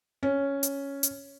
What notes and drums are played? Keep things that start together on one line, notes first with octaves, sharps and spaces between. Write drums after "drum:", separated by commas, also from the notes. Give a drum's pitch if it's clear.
C#4
drum: hi-hat
drum: hi-hat